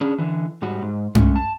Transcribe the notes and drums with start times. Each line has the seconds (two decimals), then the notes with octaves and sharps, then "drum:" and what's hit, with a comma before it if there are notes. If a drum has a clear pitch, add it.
0.01 C#4 D4 G#4
0.18 D3 E3
0.62 G#2 G3 F#4
0.82 G#2
1.15 G#3 A3 C#4, drum: tom G2
1.36 A5